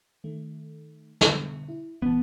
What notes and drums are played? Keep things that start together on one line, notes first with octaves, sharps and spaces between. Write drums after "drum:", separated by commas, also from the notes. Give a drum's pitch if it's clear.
D#3 A3
B2 D3 B3, drum: snare
E4
A#1 E3 B3 A5